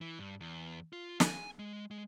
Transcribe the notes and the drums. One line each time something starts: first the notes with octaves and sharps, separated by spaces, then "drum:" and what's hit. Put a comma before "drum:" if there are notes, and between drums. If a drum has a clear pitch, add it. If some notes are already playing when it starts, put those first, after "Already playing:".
E3
G2
E2
F4
G#5, drum: snare
G#3
G#3